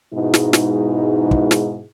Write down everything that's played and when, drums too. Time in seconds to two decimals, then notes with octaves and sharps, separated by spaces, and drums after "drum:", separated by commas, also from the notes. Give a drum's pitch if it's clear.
0.14 G#2 B2 G#3 D#4 E4
0.34 drum: snare
0.53 drum: snare
1.31 drum: kick
1.51 drum: snare